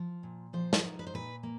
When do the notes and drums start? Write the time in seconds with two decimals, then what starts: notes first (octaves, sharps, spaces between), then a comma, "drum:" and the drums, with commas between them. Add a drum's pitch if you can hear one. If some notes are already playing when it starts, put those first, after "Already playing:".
Already playing: F3
0.23 A#2
0.53 F3 C5
0.73 drum: snare
0.84 D#4
0.99 B4
1.07 C5
1.14 A#2 B4
1.43 A#3